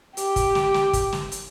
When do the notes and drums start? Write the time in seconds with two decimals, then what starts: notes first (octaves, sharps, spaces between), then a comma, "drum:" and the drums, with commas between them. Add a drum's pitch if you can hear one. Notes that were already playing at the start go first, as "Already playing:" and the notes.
0.17 G4, drum: hi-hat
0.36 drum: kick, hi-hat
0.55 drum: snare
0.74 drum: snare
0.93 drum: kick, hi-hat
1.13 drum: snare
1.32 drum: hi-hat